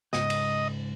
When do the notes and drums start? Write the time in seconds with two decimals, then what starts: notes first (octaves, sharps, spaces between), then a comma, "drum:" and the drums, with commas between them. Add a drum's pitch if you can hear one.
0.13 C#2 G#2 D#5, drum: snare
0.30 drum: cymbal